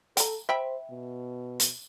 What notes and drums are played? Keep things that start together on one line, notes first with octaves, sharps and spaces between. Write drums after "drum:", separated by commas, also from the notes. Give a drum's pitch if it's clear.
A4 G5 A#5, drum: hi-hat
C5 E5 G5 B5
B2
drum: hi-hat